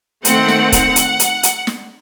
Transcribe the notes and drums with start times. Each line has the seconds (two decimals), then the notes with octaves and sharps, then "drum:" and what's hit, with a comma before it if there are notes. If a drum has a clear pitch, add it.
0.25 D#3 A3 C4 F#5, drum: hi-hat
0.48 drum: snare
0.72 F#5, drum: kick, hi-hat
0.96 drum: hi-hat
1.20 drum: hi-hat
1.43 drum: hi-hat
1.67 drum: snare